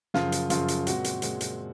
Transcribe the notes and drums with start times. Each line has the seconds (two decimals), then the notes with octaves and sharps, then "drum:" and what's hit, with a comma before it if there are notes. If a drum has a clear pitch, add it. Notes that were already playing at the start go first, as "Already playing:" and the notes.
0.14 F#2 C#3 F3 F4, drum: snare
0.32 drum: hi-hat
0.50 F#2 C#3 F3 F4, drum: hi-hat
0.68 drum: hi-hat
0.87 A#2 G#3 C4 F#4, drum: hi-hat
1.04 drum: hi-hat
1.22 A#2 G#3 C4, drum: hi-hat
1.41 drum: hi-hat